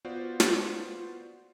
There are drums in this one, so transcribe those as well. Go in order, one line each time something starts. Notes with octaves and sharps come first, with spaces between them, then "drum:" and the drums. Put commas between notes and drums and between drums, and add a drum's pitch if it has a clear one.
B3 F4 F#4 C5 D5
drum: snare